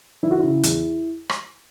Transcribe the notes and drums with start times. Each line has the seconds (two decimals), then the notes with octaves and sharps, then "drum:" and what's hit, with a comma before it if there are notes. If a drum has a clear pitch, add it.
0.23 E3 E4
0.31 F#4
0.39 C#3 E4
0.63 E2, drum: hi-hat
1.29 drum: rim click